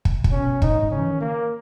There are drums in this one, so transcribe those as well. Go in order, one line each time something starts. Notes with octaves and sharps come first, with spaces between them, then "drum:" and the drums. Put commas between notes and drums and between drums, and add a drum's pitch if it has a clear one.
drum: kick
A#2, drum: kick
B2 C#4
A#2 D#4, drum: kick
G#2
G#2
C#3 C#4
E3
D#3
A#3